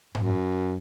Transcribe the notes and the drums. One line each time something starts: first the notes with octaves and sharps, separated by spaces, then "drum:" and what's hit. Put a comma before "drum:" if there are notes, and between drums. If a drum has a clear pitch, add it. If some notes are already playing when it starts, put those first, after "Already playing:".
F#2, drum: tom G#2